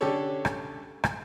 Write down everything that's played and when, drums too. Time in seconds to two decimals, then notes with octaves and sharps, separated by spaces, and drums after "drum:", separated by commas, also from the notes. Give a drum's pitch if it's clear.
0.01 D3 C#4 D4 G4 A4 C#5
0.45 drum: rim click
1.04 drum: rim click